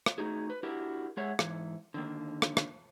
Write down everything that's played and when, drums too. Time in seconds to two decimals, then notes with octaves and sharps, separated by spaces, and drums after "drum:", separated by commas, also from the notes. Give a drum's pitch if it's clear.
0.06 drum: rim click
0.18 A3 D#4 F#4 G#4
0.50 B4
0.63 D4 E4 F#4 G4 A#4
1.17 G#3 G#4 C#5 E5 F#5
1.39 G#2 E3, drum: rim click
1.94 D3 D#3 A#3
2.42 drum: rim click
2.57 drum: rim click